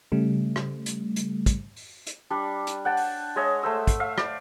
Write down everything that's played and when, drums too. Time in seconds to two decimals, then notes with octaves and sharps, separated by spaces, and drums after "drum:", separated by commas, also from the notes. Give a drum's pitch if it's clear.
0.12 C#3 G3 A3
0.56 drum: rim click
0.86 drum: hi-hat
1.16 drum: hi-hat
1.46 drum: kick, hi-hat
1.76 drum: open hi-hat
2.07 drum: hi-hat
2.30 G3 D4
2.67 drum: hi-hat
2.85 F#5 G5 A5
2.97 drum: open hi-hat
3.36 G#3 C#5 D#5 E5
3.63 A3 C5 E6
3.87 drum: kick, hi-hat
4.00 E5 F5
4.18 D5, drum: rim click